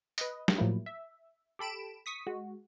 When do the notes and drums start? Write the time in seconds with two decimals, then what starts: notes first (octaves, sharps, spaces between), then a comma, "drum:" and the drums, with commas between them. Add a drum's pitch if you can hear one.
0.18 B4 D#5, drum: hi-hat
0.48 drum: snare
0.58 A2 F3 F#3 A#3 E4
0.86 E5
1.59 G4 A4 B5 D7 E7
2.06 C#6 D#6 B6
2.27 G#3 F#4